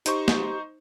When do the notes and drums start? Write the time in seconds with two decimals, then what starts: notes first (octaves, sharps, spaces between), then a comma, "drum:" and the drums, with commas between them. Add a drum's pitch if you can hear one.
0.06 D#4 G4 C5 C#6, drum: hi-hat
0.28 drum: snare